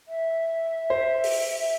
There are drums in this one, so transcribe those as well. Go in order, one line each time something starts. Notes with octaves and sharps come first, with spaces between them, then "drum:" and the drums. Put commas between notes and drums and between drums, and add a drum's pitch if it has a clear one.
E5
C5
drum: open hi-hat